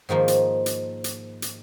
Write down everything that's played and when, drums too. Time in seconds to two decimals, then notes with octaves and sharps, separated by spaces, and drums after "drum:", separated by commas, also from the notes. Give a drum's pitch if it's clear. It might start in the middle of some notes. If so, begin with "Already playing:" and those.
0.09 G#2 D#3 F3 A#3
0.28 drum: hi-hat
0.66 drum: hi-hat
1.04 drum: hi-hat
1.42 drum: hi-hat